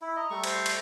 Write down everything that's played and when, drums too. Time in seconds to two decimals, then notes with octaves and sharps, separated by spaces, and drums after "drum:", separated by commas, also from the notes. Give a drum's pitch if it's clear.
0.02 E4 E5
0.16 D#5 A#5
0.30 G3 A3 C#6
0.44 C5, drum: cymbal
0.66 drum: cymbal